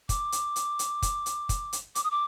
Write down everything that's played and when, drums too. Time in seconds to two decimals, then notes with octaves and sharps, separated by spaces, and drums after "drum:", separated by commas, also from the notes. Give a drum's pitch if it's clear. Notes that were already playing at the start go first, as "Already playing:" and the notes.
0.09 D6, drum: kick, hi-hat
0.32 drum: hi-hat
0.56 drum: hi-hat
0.79 drum: hi-hat
1.02 drum: kick, hi-hat
1.26 drum: hi-hat
1.49 drum: kick, hi-hat
1.73 drum: hi-hat
1.95 D6, drum: hi-hat
2.04 D#6
2.11 D6